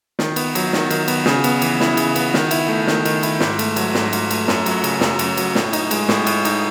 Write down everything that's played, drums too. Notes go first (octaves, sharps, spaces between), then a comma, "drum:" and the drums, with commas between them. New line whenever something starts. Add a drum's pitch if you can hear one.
D#3, drum: snare
B3, drum: cymbal
F#3, drum: cymbal
D#3, drum: snare
D#3, drum: cymbal
B3, drum: cymbal
C#3, drum: snare
B3, drum: cymbal
E3, drum: cymbal
E4, drum: snare
C#3, drum: cymbal
B3, drum: cymbal
D#3, drum: snare
E4, drum: cymbal
A3
D#3, drum: snare
D#3, drum: cymbal
E4, drum: cymbal
G#2, drum: snare
A3, drum: cymbal
F#3, drum: cymbal
G#2, drum: snare
G#2, drum: cymbal
A3, drum: cymbal
F#2, drum: snare
F#3, drum: cymbal
C#3, drum: cymbal
F#2, drum: snare
F#2, drum: cymbal
F#3, drum: cymbal
A2, drum: snare
D#4, drum: cymbal
G#3, drum: cymbal
A2, drum: snare
A2, drum: cymbal
D#4, drum: cymbal